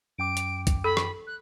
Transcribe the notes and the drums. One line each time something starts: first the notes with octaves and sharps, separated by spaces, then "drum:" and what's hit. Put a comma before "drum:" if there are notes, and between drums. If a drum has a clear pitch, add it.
F#2 G5 D6 D7
drum: hi-hat
drum: kick, hi-hat
A4 B5
drum: rim click
F#6